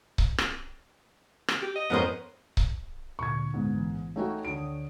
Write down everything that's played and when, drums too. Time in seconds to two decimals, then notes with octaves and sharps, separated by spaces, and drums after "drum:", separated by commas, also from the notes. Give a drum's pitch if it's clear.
0.18 drum: kick C#1
0.38 drum: rim click
1.48 drum: rim click
1.62 G4
1.75 D#5
1.90 F2 B3 C#4 A4 A#4 C5
2.57 drum: kick C#1
3.19 D2 A#2 D3 C#6 G#6
3.54 D2 G#2 D3 B3
3.74 A1 E3
4.16 A3 D#4 F#4 C#5 G5 G#5
4.45 D2 D3 C#5 D#6 D7